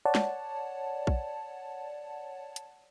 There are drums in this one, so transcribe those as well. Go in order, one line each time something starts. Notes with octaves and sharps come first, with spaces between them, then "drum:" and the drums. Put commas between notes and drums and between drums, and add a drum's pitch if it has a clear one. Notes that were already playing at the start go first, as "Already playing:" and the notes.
C#5 D5 F#5 A5
drum: snare
drum: kick A#1
drum: hi-hat